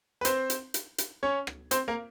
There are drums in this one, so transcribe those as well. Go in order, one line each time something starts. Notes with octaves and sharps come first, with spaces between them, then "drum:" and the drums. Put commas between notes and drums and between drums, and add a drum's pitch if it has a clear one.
B4
C4 C5, drum: hi-hat
drum: hi-hat
drum: hi-hat
drum: hi-hat
C#4 C#5
drum: rim click
C4 C5, drum: hi-hat
A#3 A#4